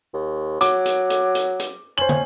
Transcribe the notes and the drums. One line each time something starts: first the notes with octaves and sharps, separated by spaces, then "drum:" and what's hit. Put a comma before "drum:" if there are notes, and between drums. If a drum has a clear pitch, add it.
D#2
F#3 D6, drum: hi-hat
drum: hi-hat
drum: hi-hat
drum: hi-hat
drum: hi-hat
C#4 C5 F#7
drum: tom